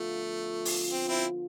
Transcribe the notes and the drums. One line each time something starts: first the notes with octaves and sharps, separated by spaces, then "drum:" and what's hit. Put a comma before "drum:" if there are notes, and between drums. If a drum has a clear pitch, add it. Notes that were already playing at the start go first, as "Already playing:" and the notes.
Already playing: D3 F3 A3 B3 F4
drum: open hi-hat
C4
C4 E4